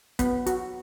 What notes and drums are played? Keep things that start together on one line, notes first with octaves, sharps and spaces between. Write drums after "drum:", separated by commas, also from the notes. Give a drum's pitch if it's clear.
B3, drum: kick, hi-hat
F#4, drum: hi-hat